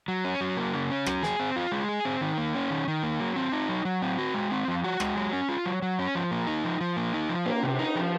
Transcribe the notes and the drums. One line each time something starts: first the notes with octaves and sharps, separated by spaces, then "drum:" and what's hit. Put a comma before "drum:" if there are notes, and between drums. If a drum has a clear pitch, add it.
F#3
C#4
F#3
A#3
C#3
C#4
F#3, drum: rim click
G#4, drum: snare
C4
F4
G#3
G#4
C4
D#3
A#3
C#4
D#3
D#3
A#3
F#3
C4
D#4
F#3
F#3
C4
F#4
G#3
C4
F3
F#4
G#3, drum: rim click
F#3
C#4
F4
F#3
F#3
C#4
F3
A#3
D#4
F3
F3
A#3
D#4
F3
A#3, drum: cymbal
C3
D#4
F3